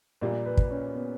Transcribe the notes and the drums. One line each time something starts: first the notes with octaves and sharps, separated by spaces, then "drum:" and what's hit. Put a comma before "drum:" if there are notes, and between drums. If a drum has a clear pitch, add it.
A#1 A#2 G3 D5
B4
drum: kick
C#4
B3